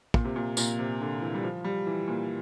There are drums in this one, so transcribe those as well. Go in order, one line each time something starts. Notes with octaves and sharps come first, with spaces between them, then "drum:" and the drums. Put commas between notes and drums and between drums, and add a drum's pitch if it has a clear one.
A#2, drum: kick
C3
A#2
A#2, drum: tambourine
C3
D3
E3
G3
F3
G3
E3
A#2